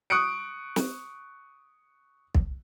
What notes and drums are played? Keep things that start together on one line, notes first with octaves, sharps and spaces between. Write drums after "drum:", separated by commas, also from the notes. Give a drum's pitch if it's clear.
C#6 D#6 F#6 C#7 D7
drum: snare
drum: kick